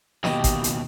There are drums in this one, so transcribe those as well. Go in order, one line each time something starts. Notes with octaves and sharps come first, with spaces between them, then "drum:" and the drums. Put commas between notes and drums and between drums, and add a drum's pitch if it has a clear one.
D#2 B2 G4 D#5, drum: snare
drum: kick G#1, hi-hat
drum: hi-hat